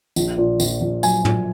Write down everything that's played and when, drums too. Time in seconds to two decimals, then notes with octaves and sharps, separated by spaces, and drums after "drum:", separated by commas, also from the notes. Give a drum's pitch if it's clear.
0.16 A#1, drum: tambourine
0.38 A#2
0.60 A#1, drum: tambourine
0.81 A#1
1.03 F#3 G#5, drum: tambourine
1.25 A#2, drum: tom